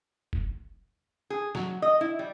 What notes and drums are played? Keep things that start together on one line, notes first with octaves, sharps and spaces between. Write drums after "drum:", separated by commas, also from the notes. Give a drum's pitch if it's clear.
drum: kick
G#4
F#3, drum: snare
D#5
E4
G3